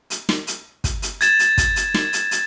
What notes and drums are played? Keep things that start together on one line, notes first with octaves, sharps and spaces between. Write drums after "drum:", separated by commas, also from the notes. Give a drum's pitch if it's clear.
drum: hi-hat
drum: snare
drum: hi-hat
drum: kick, hi-hat
drum: hi-hat
G#6 A6 E7, drum: hi-hat
drum: hi-hat
drum: kick, hi-hat
drum: hi-hat
drum: snare
drum: hi-hat
drum: hi-hat